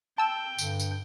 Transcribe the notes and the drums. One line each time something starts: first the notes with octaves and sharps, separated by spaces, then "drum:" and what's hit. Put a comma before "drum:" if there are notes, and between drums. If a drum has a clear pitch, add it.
G5 A5 E6
G2 D3, drum: tambourine
drum: tambourine